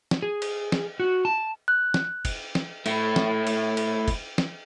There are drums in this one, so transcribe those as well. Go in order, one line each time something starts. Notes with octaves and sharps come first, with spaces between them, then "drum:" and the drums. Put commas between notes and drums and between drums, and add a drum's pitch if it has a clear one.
drum: snare
G#4
drum: cymbal
drum: snare
F#4
A5
F#6
drum: snare
drum: kick, cymbal
drum: snare
A3 E4, drum: cymbal
drum: snare
drum: cymbal
drum: cymbal
drum: kick, cymbal
drum: snare